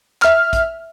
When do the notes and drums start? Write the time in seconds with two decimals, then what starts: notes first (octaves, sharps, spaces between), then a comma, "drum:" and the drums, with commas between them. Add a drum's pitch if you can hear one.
0.22 E5 F6, drum: clap
0.53 drum: kick, hi-hat